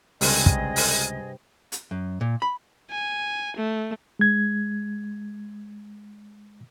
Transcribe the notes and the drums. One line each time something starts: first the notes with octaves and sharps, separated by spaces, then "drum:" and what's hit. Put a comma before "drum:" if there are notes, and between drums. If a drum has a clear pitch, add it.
C#2 G2 C3 G#4 D#5, drum: open hi-hat
drum: kick
drum: open hi-hat
drum: hi-hat
F#2
A#2
B5
G#5
A3
G#3 G#6